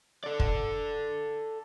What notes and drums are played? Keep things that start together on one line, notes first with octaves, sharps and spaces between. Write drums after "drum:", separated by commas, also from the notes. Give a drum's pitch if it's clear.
A4 D5
drum: kick